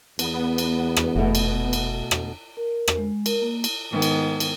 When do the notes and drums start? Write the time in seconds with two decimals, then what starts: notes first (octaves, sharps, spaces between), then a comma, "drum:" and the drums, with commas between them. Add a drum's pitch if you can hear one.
0.19 E2 B3, drum: cymbal
0.58 drum: cymbal
0.96 drum: rim click
1.16 F1 B2 A3 F#4
1.35 drum: cymbal
1.73 drum: cymbal
2.11 drum: rim click
2.57 A#4
2.88 drum: rim click
2.97 G#3
3.26 A#4, drum: cymbal
3.42 A#3
3.64 drum: cymbal
3.92 G#2 D#3 B3
4.02 drum: cymbal
4.40 drum: cymbal